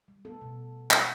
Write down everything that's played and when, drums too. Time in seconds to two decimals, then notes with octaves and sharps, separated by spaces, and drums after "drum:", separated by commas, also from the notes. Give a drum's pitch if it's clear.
0.08 G3
0.25 B3 A4
0.41 B2
0.91 drum: clap